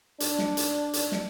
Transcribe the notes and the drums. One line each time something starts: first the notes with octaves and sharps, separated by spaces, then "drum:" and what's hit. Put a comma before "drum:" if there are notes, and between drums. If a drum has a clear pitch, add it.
D4, drum: hi-hat
drum: snare
drum: hi-hat
drum: hi-hat
drum: snare